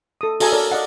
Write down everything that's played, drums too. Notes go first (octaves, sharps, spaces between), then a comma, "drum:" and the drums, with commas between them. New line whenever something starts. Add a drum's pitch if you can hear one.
A4 D#6
F#4 A4 F5 G#5 A#5 D#6, drum: open hi-hat
A4 A#4 C#5 D5
D5 D#5 F5 F#5 A5